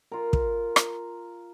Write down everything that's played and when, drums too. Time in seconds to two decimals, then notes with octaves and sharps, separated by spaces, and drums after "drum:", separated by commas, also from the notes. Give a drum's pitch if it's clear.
0.12 F4 A#4
0.33 drum: kick
0.76 drum: rim click